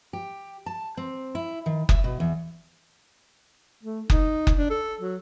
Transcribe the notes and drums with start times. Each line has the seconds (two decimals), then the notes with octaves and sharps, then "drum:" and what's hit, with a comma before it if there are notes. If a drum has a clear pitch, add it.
0.13 G4
0.66 A5
0.97 C4
1.35 E4
1.66 D#3
1.89 E5, drum: kick F#1
2.04 B2
2.20 E2
3.83 A3
4.10 D#4, drum: kick F#1
4.47 drum: kick F#1
4.57 D4
4.70 A4
5.00 F#3